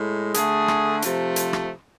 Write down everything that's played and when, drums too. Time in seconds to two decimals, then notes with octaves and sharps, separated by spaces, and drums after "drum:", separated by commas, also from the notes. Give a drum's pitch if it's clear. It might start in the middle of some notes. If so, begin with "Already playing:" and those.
Already playing: A2 G#3
0.34 D3 A3 G#4, drum: hi-hat
0.68 drum: rim click
1.02 C3 F3 A3, drum: hi-hat
1.36 drum: hi-hat
1.53 drum: rim click